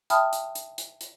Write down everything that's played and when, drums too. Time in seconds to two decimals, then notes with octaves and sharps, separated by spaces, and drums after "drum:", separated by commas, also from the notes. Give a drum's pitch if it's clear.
0.10 E5 G5 A5 B5 D#6 F6, drum: hi-hat
0.33 drum: hi-hat
0.55 drum: hi-hat
0.78 drum: hi-hat
1.01 drum: hi-hat